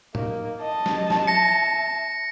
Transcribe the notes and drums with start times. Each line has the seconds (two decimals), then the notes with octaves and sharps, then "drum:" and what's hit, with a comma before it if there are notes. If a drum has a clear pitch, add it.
0.15 A#3 D#4, drum: tom
0.61 D#5 A5
0.86 drum: snare
1.10 drum: snare
1.27 E5 A#6 C#7